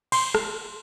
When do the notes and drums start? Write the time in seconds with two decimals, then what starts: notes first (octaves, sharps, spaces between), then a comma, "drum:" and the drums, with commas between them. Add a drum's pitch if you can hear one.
0.12 C6, drum: cymbal
0.35 drum: rim click